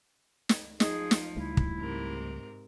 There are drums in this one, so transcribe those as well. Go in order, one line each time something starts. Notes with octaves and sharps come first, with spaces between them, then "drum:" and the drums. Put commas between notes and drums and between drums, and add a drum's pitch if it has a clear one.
drum: snare
F3 D#4 G#4, drum: snare
drum: snare
C#2 G3 A3 E4
drum: kick
G#2 C3 A#4